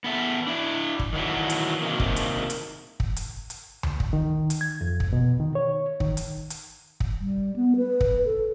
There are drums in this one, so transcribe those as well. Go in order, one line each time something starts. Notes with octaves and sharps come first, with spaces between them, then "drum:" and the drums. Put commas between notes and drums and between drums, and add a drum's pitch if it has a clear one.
B3 A4 E5
D4 E4
drum: kick
D#3 E3 F#3 A3
drum: hi-hat
C3 D#3 A#3
drum: kick
drum: hi-hat
drum: hi-hat
drum: kick
drum: hi-hat
drum: hi-hat
drum: tom D2
drum: kick
D#3
drum: hi-hat
G#6
F2
drum: kick
B2
D#3
C#5
D#3, drum: kick
drum: hi-hat
drum: hi-hat
drum: kick
G3
B3
B4
drum: kick
A4